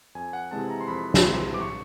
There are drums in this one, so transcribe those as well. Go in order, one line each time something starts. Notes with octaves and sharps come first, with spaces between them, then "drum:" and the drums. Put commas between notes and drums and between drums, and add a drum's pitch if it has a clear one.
F2 G#5
F#5
C3 E3 G#3 C4 A5
A#5
C6
F2 B5
B5, drum: snare
C3 E3 G#3 C4 C6
D6
C#6